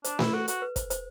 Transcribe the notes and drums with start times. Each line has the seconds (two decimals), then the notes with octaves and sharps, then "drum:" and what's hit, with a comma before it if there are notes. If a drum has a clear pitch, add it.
0.04 D4 C5, drum: hi-hat
0.19 E4 B4, drum: snare A3
0.33 F#4 A4
0.48 F#4, drum: hi-hat
0.62 B4
0.76 C5, drum: kick, hi-hat
0.90 C5, drum: hi-hat